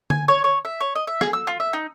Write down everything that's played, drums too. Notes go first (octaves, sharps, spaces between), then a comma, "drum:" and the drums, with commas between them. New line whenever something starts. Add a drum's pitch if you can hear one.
G#5, drum: tom D3
C#5
C#5
E5
C#5
D#5
E5
G#4, drum: rim click
E6
F4
E5
D#4